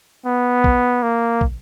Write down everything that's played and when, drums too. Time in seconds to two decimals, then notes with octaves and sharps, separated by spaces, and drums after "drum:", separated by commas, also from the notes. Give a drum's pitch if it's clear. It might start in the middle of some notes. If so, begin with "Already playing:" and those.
0.26 B3
0.64 drum: kick
1.02 A#3
1.41 drum: kick